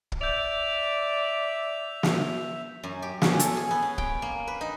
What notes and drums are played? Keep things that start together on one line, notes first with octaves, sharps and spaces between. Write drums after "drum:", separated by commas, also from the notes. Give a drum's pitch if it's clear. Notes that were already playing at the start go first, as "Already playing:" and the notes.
drum: kick
D5 E5 G6 F7
drum: snare
F#2
G4
C#4, drum: snare
A4, drum: hi-hat
G#4
B3
C#4
G5, drum: kick
A#3
B4
D#4